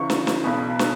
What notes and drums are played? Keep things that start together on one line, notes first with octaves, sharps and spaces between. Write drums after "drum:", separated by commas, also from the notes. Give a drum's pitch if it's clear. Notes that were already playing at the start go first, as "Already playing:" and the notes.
Already playing: C#2 C#3 E3 C#6
drum: snare
drum: snare
B1 B2 B5
drum: snare